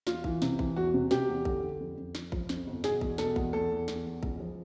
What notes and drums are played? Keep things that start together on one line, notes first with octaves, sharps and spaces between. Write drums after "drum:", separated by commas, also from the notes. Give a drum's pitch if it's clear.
E2 F4, drum: snare
E3, drum: kick A1
C3, drum: snare
E3, drum: kick A1
E2 F#4
C3
C3 G4, drum: snare
E2
D3, drum: kick A1
D3
F2
F2
F3, drum: snare
F3, drum: kick A1
F2, drum: snare
G1
B2 G#4, drum: snare
E2, drum: kick A1
B2 A4, drum: snare
E2, drum: kick A1
E2 A4
E2
E2, drum: snare
E2
C#2, drum: kick A1
F3